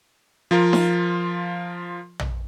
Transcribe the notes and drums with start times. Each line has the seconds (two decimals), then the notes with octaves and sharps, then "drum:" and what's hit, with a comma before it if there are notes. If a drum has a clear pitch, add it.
0.51 F3 F4 A#4
0.73 drum: snare D#4
2.19 drum: tom A#1